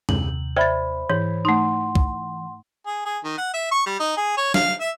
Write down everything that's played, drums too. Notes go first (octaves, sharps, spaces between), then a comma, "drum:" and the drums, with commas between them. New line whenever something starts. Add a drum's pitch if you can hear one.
D#2 C3 F#7, drum: tom F#2
C5 D5 E5 G5 B5 A6
G#2 E3 C#5
A3 D#4 F#5 C6
drum: kick
G#4
G#4
D#3
F#5
E5
C#6
G3
D#4
G#4
C#5
F5, drum: snare
E5